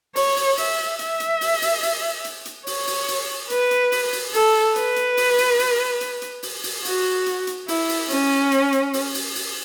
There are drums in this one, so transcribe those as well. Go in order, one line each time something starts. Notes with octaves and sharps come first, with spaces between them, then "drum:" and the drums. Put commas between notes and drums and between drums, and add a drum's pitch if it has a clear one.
C#5, drum: open hi-hat
drum: open hi-hat
E5, drum: open hi-hat
E5, drum: hi-hat
drum: hi-hat
drum: open hi-hat
drum: open hi-hat
drum: open hi-hat
drum: hi-hat
drum: hi-hat
C#5, drum: open hi-hat
drum: open hi-hat
drum: open hi-hat
B4, drum: hi-hat
drum: hi-hat
drum: open hi-hat
drum: open hi-hat
A4, drum: open hi-hat
B4, drum: hi-hat
drum: hi-hat
drum: open hi-hat
drum: open hi-hat
drum: open hi-hat
drum: hi-hat
drum: hi-hat
drum: open hi-hat
drum: open hi-hat
F#4, drum: open hi-hat
drum: hi-hat
drum: hi-hat
E4, drum: open hi-hat
drum: open hi-hat
C#4, drum: open hi-hat
drum: hi-hat
drum: hi-hat
drum: open hi-hat
drum: open hi-hat
drum: open hi-hat